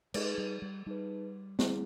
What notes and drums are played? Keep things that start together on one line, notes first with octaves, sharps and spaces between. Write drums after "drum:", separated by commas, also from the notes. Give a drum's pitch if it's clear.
G#3 D#4 G#4 B4, drum: cymbal
G3
G3
G3 D#4 G#4 B4
G3 A3 C4 E4 G#4, drum: snare